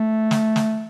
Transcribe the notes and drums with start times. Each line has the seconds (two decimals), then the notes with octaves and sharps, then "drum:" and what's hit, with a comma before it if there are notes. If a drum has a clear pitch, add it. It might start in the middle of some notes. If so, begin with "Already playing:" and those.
Already playing: A3
0.31 drum: snare
0.56 drum: snare